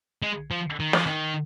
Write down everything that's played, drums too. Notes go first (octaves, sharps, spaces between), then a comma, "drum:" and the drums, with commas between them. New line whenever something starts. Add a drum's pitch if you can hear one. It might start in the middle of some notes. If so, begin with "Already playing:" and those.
G#3
F3
D#3
F3, drum: snare
D#3